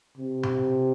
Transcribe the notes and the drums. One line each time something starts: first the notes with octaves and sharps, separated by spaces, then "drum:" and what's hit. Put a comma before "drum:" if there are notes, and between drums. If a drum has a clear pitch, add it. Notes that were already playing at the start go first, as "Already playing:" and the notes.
C3
drum: tom B2